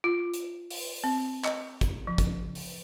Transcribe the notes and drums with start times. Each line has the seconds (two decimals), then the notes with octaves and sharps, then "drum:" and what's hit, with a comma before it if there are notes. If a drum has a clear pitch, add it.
0.04 F4
0.34 drum: hi-hat
0.70 drum: open hi-hat
1.04 C4
1.44 D#5, drum: clap
1.81 drum: kick, hi-hat
2.07 F3
2.18 drum: kick, hi-hat
2.55 drum: open hi-hat